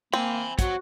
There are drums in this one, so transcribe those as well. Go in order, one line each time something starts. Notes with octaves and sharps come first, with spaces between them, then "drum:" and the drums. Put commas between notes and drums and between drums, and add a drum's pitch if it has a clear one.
A#3 C4 G#5 B5
F#4 C#5 F#5, drum: kick, hi-hat